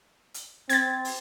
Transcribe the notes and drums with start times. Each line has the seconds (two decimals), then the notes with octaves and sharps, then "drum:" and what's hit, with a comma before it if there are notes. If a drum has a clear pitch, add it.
0.34 drum: hi-hat
0.69 C4 G#6 A6, drum: hi-hat
1.05 drum: open hi-hat